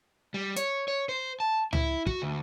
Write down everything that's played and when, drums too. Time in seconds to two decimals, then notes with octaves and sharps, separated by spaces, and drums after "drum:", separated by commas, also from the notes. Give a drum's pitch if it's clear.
0.34 G3
0.56 C#5, drum: hi-hat
0.88 C#5
1.09 C5
1.40 A5
1.73 E4, drum: tom C#2
2.07 F#4, drum: kick
2.22 D2